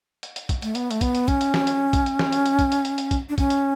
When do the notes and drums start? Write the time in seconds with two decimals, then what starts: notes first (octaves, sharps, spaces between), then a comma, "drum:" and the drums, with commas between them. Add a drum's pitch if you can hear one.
0.23 drum: hi-hat
0.36 drum: hi-hat
0.49 drum: kick, hi-hat
0.62 A3, drum: hi-hat
0.75 B3, drum: hi-hat
0.91 A3, drum: hi-hat
1.01 B3, drum: kick, hi-hat
1.15 drum: hi-hat
1.28 C#4, drum: kick, hi-hat
1.41 drum: hi-hat
1.54 drum: snare
1.67 drum: hi-hat
1.93 drum: kick, hi-hat
2.06 drum: hi-hat
2.19 drum: snare
2.32 drum: hi-hat
2.46 drum: hi-hat
2.59 drum: kick, hi-hat
2.72 drum: hi-hat
2.85 drum: hi-hat
2.98 drum: hi-hat
3.11 drum: kick, hi-hat
3.29 D4
3.38 C#4, drum: kick, hi-hat
3.50 drum: hi-hat